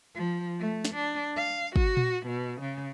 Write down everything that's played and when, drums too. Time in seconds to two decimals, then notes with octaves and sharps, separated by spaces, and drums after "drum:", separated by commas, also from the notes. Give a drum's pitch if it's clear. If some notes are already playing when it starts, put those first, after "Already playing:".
0.15 F3
0.59 A3
0.85 drum: snare
0.95 D4
1.37 F5
1.76 F#4, drum: kick
1.97 drum: tom A#2
2.26 B2
2.61 C#3